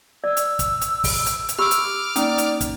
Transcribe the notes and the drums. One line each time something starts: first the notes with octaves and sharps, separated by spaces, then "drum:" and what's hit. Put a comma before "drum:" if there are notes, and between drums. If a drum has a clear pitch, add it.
D5 E6
drum: hi-hat
drum: kick, hi-hat
drum: hi-hat
drum: kick, open hi-hat
drum: hi-hat
drum: hi-hat
G4 B5 D6 E6 F6
drum: hi-hat
A#3 C#4 D#4 D5, drum: hi-hat
drum: hi-hat
drum: kick, hi-hat